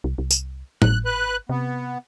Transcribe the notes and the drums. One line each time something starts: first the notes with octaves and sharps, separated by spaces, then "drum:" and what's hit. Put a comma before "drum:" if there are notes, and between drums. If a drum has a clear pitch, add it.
C2
C2
drum: tambourine
G#1 F#6, drum: tom A2
B4 F#6
C3 B3